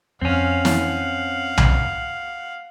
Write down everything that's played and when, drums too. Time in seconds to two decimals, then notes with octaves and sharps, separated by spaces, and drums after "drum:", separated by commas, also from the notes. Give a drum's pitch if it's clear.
0.22 F2 C4 C#4 F5 F#5
0.65 drum: snare
1.57 drum: tom B1